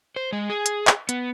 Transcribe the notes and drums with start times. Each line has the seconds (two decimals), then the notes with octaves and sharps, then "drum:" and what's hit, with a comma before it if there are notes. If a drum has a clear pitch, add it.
0.16 C5
0.33 G#3
0.50 G#4
0.66 drum: hi-hat
0.87 drum: clap
1.09 B3, drum: hi-hat